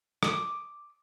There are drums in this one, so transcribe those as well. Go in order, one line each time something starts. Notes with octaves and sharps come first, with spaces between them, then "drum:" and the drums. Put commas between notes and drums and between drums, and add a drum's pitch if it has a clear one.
D6 D#6, drum: rim click